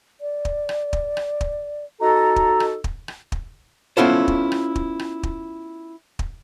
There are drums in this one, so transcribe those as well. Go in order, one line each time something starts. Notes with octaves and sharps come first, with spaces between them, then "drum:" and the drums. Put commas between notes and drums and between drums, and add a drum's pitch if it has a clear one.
D5
drum: kick
drum: rim click
drum: kick
drum: rim click
drum: kick
D#4 F#4 A4 A#5
drum: kick
drum: rim click
drum: kick
drum: rim click
drum: kick
B3 C#4 E4 F4 A4 C5
drum: kick
drum: rim click
drum: kick
drum: rim click
drum: kick
drum: kick